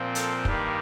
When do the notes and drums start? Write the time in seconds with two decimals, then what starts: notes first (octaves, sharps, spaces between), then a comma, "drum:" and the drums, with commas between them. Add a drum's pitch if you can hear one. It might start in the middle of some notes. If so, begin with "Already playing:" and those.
Already playing: A#2 F3 C4
0.15 A4, drum: hi-hat
0.45 G2 D#3 G3 A#3, drum: kick